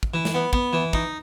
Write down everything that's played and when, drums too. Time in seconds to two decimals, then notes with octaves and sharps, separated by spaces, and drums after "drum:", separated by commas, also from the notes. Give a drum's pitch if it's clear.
0.03 drum: kick
0.14 E3
0.25 drum: snare
0.34 B3
0.53 B3, drum: kick
0.73 E3
0.93 D#4, drum: kick